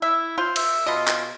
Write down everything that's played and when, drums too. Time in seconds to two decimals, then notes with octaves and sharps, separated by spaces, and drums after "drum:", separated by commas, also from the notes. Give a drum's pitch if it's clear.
0.02 E4 E5
0.38 F4 C5
0.56 E5, drum: cymbal
0.86 B2 F4 D#5
1.08 drum: clap